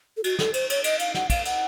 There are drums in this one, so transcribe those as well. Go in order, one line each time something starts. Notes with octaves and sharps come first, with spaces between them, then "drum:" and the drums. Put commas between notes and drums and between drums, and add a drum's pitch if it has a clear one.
A4
F#4, drum: cymbal
A4, drum: snare
C5, drum: cymbal
C#5, drum: cymbal
D#5, drum: cymbal
F5, drum: cymbal
F#5, drum: snare
F5, drum: kick, cymbal
F#5, drum: cymbal